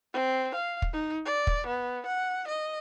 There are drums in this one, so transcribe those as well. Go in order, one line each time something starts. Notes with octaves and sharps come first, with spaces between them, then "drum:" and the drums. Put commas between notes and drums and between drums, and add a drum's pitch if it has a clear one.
C4
F5
drum: kick
D#4
D5
drum: kick
B3
F#5
D#5